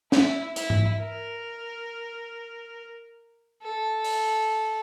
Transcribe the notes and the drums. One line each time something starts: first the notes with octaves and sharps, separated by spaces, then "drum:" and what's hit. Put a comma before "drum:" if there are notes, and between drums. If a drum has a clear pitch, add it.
E4, drum: snare
E4, drum: hi-hat
drum: tom G#2
A#4
A4
drum: open hi-hat